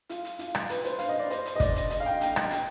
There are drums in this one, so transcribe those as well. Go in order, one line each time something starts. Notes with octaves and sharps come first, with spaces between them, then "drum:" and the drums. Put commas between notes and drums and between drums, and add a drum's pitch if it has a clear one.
F4, drum: hi-hat
drum: hi-hat
F4, drum: hi-hat
drum: rim click
B4, drum: hi-hat
C5, drum: hi-hat
F5, drum: hi-hat
D#5
D5
C5, drum: hi-hat
drum: hi-hat
D#5
D5, drum: kick, hi-hat
drum: hi-hat
D#5, drum: hi-hat
F5
G5
G5, drum: hi-hat
drum: rim click
G5, drum: hi-hat